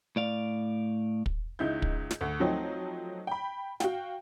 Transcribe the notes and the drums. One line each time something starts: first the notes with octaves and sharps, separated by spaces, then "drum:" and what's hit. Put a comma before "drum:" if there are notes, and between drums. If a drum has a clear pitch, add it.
A2 D5 F5
drum: kick
C#2 D#4 E4 G6
drum: kick
drum: snare
D2
F3 F#3 A3 C4 D#4
G5 B5
F#4 F5 G5, drum: snare